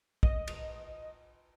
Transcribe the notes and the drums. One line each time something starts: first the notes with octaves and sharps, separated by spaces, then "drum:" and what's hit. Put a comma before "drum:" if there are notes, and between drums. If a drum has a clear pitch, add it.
D#5, drum: kick
drum: cymbal